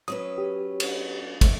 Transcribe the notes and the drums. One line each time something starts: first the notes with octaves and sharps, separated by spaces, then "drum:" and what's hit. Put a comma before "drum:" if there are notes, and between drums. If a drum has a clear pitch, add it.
F#3 C#4 B4 D#6
G4
drum: cymbal
A3 G4, drum: kick, cymbal